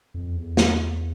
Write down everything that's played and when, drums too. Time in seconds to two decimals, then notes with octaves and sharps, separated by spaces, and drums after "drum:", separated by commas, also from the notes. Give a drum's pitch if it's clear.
0.14 F2
0.36 E2
0.57 drum: snare